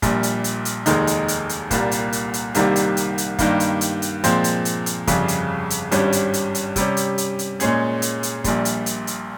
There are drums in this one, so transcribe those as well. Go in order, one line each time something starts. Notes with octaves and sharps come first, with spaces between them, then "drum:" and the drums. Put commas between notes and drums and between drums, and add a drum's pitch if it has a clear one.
A#1 A#2 G3, drum: kick, hi-hat
drum: hi-hat
drum: hi-hat
drum: hi-hat
F1 D#2 D#3 G#3 D#4, drum: hi-hat
drum: hi-hat
drum: hi-hat
drum: hi-hat
C2 A#2 G3 A#3, drum: kick, hi-hat
drum: hi-hat
drum: hi-hat
drum: hi-hat
C2 C3 D#3 G3 A#3, drum: hi-hat
drum: hi-hat
drum: hi-hat
drum: hi-hat
G2 D#3 G3 A#3, drum: kick, hi-hat
drum: hi-hat
drum: hi-hat
drum: hi-hat
A#2 F3 G#3 C4, drum: hi-hat
drum: hi-hat
drum: hi-hat
drum: hi-hat
G1 F2 C#3 G3, drum: kick, hi-hat
drum: hi-hat
drum: hi-hat
G#1 G2 G3 C#4, drum: hi-hat
drum: hi-hat
drum: hi-hat
drum: hi-hat
C3 G3 C#4, drum: kick, hi-hat
drum: hi-hat
drum: hi-hat
drum: hi-hat
A#2 G#3 C#4 G#4, drum: hi-hat
drum: hi-hat
drum: hi-hat
A#1 A#2 G3, drum: kick, hi-hat
drum: hi-hat
drum: hi-hat
drum: hi-hat